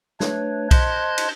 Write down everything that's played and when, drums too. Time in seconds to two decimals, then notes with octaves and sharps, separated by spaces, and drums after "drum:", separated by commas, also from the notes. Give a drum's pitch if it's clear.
0.20 A3 D4 B4 C#5, drum: snare
0.71 C5 D#5 A5 C6 F#6 G#6, drum: kick B1, cymbal
1.18 drum: cymbal